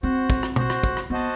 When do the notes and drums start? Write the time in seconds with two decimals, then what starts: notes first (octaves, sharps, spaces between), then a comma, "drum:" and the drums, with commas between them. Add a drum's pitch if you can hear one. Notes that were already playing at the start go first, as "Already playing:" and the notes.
0.03 C4 F#4 C5 F#5
0.30 drum: kick
0.43 drum: rim click
0.56 F#4 C5 F#5, drum: tom
0.70 drum: rim click
0.83 drum: kick
0.97 drum: rim click
1.10 B3 F#4 C5 D#5 F#5 A5